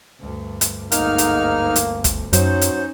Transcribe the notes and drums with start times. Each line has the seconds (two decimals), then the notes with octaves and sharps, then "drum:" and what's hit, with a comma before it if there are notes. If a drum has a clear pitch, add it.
0.20 D2 G2
0.61 drum: hi-hat
0.92 G1 D2 G#2 A#3 D#4 F6, drum: hi-hat
1.18 drum: hi-hat
1.76 drum: hi-hat
2.04 drum: kick, hi-hat
2.33 F#2 F#3 C#4 D#4 C5, drum: hi-hat
2.61 drum: hi-hat